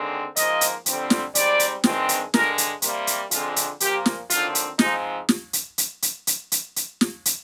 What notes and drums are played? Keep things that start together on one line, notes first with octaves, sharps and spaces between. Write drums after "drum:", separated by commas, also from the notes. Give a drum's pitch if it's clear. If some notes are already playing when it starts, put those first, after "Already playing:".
Already playing: D#2 D3 G#3 C4
G#2 F3 A#3 D#5, drum: hi-hat
drum: hi-hat
F2 D3 G3 C4, drum: hi-hat
drum: snare
G#2 G3 C4 D5, drum: hi-hat
drum: hi-hat
G2 D#3 G#3 C4, drum: snare
drum: hi-hat
G2 D3 G#3 A#4, drum: snare
drum: hi-hat
C3 G3 A#3, drum: hi-hat
drum: hi-hat
F2 D3 G#3 C4 F4, drum: hi-hat
drum: hi-hat
A#2 F3 A#3 G4, drum: hi-hat
drum: snare
D#2 D3 F3 C4 F4, drum: hi-hat
drum: hi-hat
G#2 F3 G#3 C4 D#4, drum: snare
drum: snare
drum: hi-hat
drum: hi-hat
drum: hi-hat
drum: hi-hat
drum: hi-hat
drum: hi-hat
drum: snare
drum: hi-hat